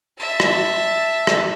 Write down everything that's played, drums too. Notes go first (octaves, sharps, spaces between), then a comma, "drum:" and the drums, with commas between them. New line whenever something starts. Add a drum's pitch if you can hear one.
E5 A5
drum: rim click
drum: rim click